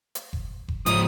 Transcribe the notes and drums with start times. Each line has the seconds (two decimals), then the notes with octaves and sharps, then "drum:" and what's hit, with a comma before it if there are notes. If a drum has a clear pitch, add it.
0.15 drum: hi-hat
0.33 drum: kick F#1
0.68 drum: kick F#1
0.86 G#2 F3 D#6, drum: hi-hat